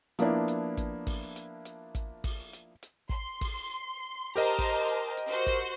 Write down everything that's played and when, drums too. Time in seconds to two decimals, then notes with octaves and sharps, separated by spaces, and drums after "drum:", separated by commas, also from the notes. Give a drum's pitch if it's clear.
0.19 F3 A#3 B3 D4 E4, drum: hi-hat
0.48 drum: hi-hat
0.77 drum: kick, hi-hat
1.07 drum: kick, open hi-hat
1.36 drum: hi-hat
1.65 drum: hi-hat
1.95 drum: kick, hi-hat
2.24 drum: kick, open hi-hat
2.53 drum: hi-hat
2.83 drum: hi-hat
3.09 C6, drum: kick
3.41 drum: kick, open hi-hat
4.36 G4 A#4 C5 D#5 A5 A#5
4.58 drum: kick, open hi-hat
4.88 drum: hi-hat
5.17 drum: hi-hat
5.29 F#4 C5
5.46 drum: kick, hi-hat